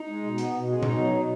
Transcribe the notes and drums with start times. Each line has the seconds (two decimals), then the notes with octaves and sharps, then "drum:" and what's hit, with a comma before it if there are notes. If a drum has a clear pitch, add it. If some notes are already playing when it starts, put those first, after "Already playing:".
Already playing: D#4
0.08 G#3
0.23 B2
0.38 B3, drum: hi-hat
0.53 B2
0.68 G#3
0.78 C#4
0.83 B2 D#4, drum: tom A#2
0.98 F#3
1.13 B2